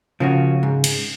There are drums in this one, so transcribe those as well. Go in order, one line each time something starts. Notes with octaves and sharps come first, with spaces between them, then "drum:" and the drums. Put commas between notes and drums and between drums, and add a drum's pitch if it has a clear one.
C#3 F3 A#3 C#4 F#4
G#2
drum: cymbal